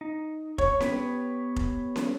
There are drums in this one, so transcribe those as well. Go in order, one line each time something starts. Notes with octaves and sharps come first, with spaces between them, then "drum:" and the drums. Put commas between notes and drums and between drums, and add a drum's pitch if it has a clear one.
D#4
C#5 C#6, drum: kick F1
B3 G4 B4, drum: snare C#4
drum: kick F1
drum: snare C#4